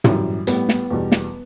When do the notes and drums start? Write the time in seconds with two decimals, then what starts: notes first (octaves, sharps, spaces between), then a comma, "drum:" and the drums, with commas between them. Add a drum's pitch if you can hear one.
0.04 F#2 E3 G3, drum: tom
0.47 A2 G3 B3, drum: hi-hat
0.69 drum: snare
0.91 E2 B2 G3
1.12 drum: snare